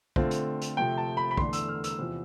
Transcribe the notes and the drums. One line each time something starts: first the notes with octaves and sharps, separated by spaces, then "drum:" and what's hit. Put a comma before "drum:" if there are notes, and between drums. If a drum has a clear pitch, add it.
D3 A3 C4 F4, drum: kick
drum: hi-hat
drum: hi-hat
C3 F3 A3 G5
A5
B5
B5
E2 D3 A3 D4 C6, drum: kick
E6, drum: hi-hat
F6
E6, drum: hi-hat
E2 C3 F3